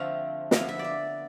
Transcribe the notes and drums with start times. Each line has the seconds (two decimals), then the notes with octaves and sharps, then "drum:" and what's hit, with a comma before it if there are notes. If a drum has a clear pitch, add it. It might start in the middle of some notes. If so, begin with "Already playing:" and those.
Already playing: D3 F3 A3 C4 F5
0.51 D3 F3 B3 E4 F5, drum: snare
0.68 E5
0.79 D5
0.84 E5